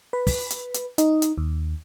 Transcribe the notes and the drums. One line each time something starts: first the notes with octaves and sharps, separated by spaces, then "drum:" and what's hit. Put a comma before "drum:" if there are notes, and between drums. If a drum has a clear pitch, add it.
B4
drum: kick, open hi-hat
drum: hi-hat
drum: hi-hat
D#4, drum: hi-hat
drum: hi-hat
D#2